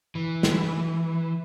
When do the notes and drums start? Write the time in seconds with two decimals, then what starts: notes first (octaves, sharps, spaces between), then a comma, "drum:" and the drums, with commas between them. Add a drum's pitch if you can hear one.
0.15 E3
0.43 drum: snare